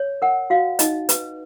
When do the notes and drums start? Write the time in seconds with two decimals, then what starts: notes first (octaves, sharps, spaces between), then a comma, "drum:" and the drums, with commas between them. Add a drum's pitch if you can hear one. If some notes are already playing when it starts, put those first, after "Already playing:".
Already playing: C#5
0.22 A#4 F#5
0.50 F#4 F5
0.79 D#4 D#5, drum: hi-hat
1.09 B4, drum: hi-hat